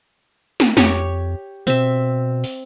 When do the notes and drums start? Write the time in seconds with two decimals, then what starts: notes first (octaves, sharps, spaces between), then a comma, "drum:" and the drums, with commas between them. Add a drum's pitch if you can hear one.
0.60 drum: snare
0.77 F2 G4 C#5, drum: snare
1.67 B2 C4 E5
2.44 drum: open hi-hat